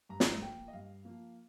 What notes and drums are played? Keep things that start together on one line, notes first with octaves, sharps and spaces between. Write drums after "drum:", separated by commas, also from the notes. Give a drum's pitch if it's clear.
G2 A#5
drum: snare
F3 A#3 G5
D#5
G2 F5
F3 A#3